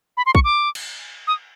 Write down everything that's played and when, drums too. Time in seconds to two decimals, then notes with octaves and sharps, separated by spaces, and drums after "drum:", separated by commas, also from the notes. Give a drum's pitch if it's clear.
0.17 B5
0.26 C6
0.35 C#6, drum: kick
0.44 D6
0.75 drum: cymbal
1.27 D#6